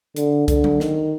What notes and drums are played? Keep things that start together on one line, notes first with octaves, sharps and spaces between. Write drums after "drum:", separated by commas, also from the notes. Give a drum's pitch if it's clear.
D3, drum: hi-hat
D3, drum: kick, hi-hat
drum: tom F#3
D#3, drum: snare